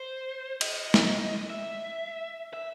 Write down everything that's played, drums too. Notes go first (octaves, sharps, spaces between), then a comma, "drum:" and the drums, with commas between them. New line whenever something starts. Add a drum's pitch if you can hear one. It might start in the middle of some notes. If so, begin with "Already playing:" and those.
Already playing: C5
D#5, drum: cymbal
drum: snare
E5
E5